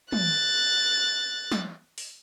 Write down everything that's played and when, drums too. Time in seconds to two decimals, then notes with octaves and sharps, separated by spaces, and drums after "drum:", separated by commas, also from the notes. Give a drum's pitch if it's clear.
0.12 F#6 A6, drum: tom
1.52 drum: snare
1.98 drum: open hi-hat